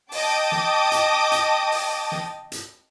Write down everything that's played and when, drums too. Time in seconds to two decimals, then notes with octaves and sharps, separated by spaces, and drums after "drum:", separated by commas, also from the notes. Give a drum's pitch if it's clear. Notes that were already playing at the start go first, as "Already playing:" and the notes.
0.12 D#5 G5 A5 D6 D#6, drum: open hi-hat
0.52 drum: snare
0.92 drum: hi-hat
1.32 drum: hi-hat
1.72 drum: open hi-hat
2.12 drum: snare
2.52 drum: hi-hat